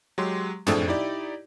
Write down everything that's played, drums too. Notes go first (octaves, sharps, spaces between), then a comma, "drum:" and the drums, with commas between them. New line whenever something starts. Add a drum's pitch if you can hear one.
F#3 G#3 G4 C6
A2 F3 C4 D4 G#4 A4, drum: tom
D#4 E4 G4 D5